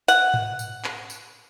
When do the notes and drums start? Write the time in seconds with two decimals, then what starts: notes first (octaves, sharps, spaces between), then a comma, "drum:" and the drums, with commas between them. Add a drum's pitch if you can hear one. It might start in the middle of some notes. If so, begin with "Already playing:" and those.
0.08 F#5, drum: tambourine
0.34 drum: tom G#2
0.59 drum: tambourine
0.84 drum: clap
1.10 drum: tambourine